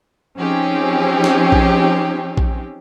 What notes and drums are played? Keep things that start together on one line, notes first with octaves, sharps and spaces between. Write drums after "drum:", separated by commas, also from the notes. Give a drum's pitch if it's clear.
F3 C4 C#4 D#4 G4 G#4
drum: snare
drum: kick A#1
drum: kick A#1